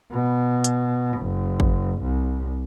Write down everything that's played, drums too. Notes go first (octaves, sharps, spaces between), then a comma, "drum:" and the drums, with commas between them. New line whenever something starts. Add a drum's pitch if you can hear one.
B2
drum: hi-hat
F#1
drum: kick
C2